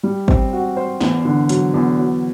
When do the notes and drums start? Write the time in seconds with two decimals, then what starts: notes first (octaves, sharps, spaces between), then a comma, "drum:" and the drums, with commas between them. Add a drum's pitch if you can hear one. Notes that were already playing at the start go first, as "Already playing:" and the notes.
0.03 G3
0.28 C4, drum: kick
0.53 F#4
0.77 C5
1.01 E2, drum: snare
1.25 D3
1.49 F#3, drum: hi-hat
1.74 E2
1.98 F#3